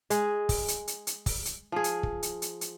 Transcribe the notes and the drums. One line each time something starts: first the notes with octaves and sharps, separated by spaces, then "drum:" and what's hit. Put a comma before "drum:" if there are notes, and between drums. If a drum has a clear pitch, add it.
G#3 G#4, drum: hi-hat
drum: kick, open hi-hat
drum: hi-hat
drum: hi-hat
drum: hi-hat
drum: kick, open hi-hat
drum: hi-hat
F3 G#4
drum: hi-hat
drum: kick
drum: hi-hat
drum: hi-hat
drum: hi-hat